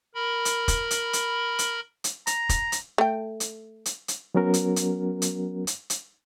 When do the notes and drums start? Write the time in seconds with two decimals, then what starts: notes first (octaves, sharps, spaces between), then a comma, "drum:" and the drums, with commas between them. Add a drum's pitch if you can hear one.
0.15 A#4 B5
0.45 drum: hi-hat
0.68 drum: kick, hi-hat
0.91 drum: hi-hat
1.13 drum: hi-hat
1.59 drum: hi-hat
2.04 drum: hi-hat
2.27 A#5, drum: hi-hat
2.49 drum: kick, hi-hat
2.72 drum: hi-hat
2.98 A3 G5
3.40 drum: hi-hat
3.86 drum: hi-hat
4.08 drum: hi-hat
4.35 F#3 B3 C#4 F#4 A#4
4.54 drum: hi-hat
4.76 drum: hi-hat
5.22 drum: hi-hat
5.67 drum: hi-hat
5.90 drum: hi-hat